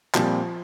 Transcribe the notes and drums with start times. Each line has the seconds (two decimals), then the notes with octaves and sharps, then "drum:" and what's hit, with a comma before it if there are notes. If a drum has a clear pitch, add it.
0.14 A#2 F3 G3 C4, drum: clap